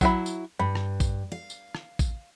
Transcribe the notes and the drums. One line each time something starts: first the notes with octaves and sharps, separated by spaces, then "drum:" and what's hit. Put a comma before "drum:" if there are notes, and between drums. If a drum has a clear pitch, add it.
F#3 E4 B5, drum: kick A1, tambourine
drum: tambourine
G2 B5
drum: rim click
drum: kick A1, tambourine
F5
drum: tambourine
drum: rim click
drum: kick A1, tambourine